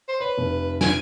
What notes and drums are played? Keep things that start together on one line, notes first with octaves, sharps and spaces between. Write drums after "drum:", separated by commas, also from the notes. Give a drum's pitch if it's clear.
C5
B4 C#5
F1
G#5 D7, drum: snare